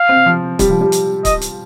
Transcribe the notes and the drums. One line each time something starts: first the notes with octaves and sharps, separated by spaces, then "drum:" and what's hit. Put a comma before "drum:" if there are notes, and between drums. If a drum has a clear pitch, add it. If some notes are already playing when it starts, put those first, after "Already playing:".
Already playing: F5
C4
F3
G3, drum: kick C#1, hi-hat
F3
G3
drum: hi-hat
D#5, drum: kick C#1, hi-hat
drum: hi-hat